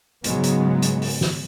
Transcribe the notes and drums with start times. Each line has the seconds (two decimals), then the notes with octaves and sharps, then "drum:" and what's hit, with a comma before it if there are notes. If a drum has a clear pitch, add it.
0.24 G#2 C#3 F#3 G#3 B3, drum: hi-hat
0.44 drum: hi-hat
0.82 drum: hi-hat
1.02 drum: open hi-hat
1.21 drum: snare